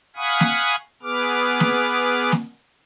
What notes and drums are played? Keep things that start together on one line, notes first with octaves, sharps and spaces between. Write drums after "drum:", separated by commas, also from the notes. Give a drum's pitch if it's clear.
F5 F#5 G#5 B5 C#6 D#6
drum: snare
B3 G#4 B4 D6 F6
drum: snare
drum: snare